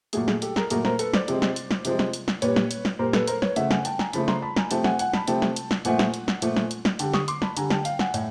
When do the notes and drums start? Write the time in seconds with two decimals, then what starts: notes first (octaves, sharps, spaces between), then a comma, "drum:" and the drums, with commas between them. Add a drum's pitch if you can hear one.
0.13 A#2 F#3 A3 G#4, drum: hi-hat
0.28 G#4, drum: snare
0.42 G4 A4, drum: hi-hat
0.56 G#4 A#4, drum: snare
0.70 A#2 F#3 A3 G#4 A#4, drum: hi-hat
0.85 A#4 C5, drum: snare
0.99 A4 B4, drum: hi-hat
1.14 C5 D5, drum: snare
1.28 C3 F3 G#3, drum: hi-hat
1.42 drum: snare
1.56 drum: hi-hat
1.71 drum: snare
1.85 C3 F3 G#3, drum: hi-hat
1.99 drum: snare
2.13 drum: hi-hat
2.28 drum: snare
2.42 A#2 G3 B4 C#5, drum: hi-hat
2.56 drum: snare
2.71 drum: hi-hat
2.85 drum: snare
2.99 A#2 G3 A#4 C5
3.13 A4 B4, drum: snare
3.27 A#4 C5, drum: hi-hat
3.42 B4 C#5, drum: snare
3.56 C#3 F3 A3 E5 F#5, drum: hi-hat
3.71 F#5 G#5, drum: snare
3.85 G5 A5, drum: hi-hat
3.99 G#5 A#5, drum: snare
4.13 C#3 F3 A3 A5 B5, drum: hi-hat
4.28 A#5 C6, drum: snare
4.42 A5 B5
4.56 G#5 A#5, drum: snare
4.71 C3 F3 A3 G5 A5, drum: hi-hat
4.84 F#5 G#5, drum: snare
4.99 F#5 G#5, drum: hi-hat
5.13 A5 B5, drum: snare
5.27 C3 F3 A3 G5 A5, drum: hi-hat
5.42 drum: snare
5.56 drum: hi-hat
5.71 drum: snare
5.85 A#2 F3 A3 F#5 G#5, drum: hi-hat
5.99 drum: snare
6.14 drum: hi-hat
6.28 drum: snare
6.42 A#2 F3 A3, drum: hi-hat
6.56 drum: snare
6.71 drum: hi-hat
6.85 drum: snare
6.99 D3 G3 G5 A5, drum: hi-hat
7.13 C#6 D#6, drum: snare
7.28 C6 D6, drum: hi-hat
7.42 A5 B5, drum: snare
7.57 D3 G3 G#5 A#5, drum: hi-hat
7.70 G5 A5, drum: snare
7.85 F5 G5, drum: hi-hat
7.99 F#5 G#5, drum: snare
8.14 A2, drum: hi-hat